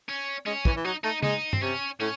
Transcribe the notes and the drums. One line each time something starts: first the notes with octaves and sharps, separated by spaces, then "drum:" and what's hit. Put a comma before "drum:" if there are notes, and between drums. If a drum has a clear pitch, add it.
C#4
G#3 C#4
E3, drum: kick
E3
F#3 D#4
A3 D#4
G#3 D#4, drum: tom C#3
C4, drum: tom G2
C3 C#4
A2 C#4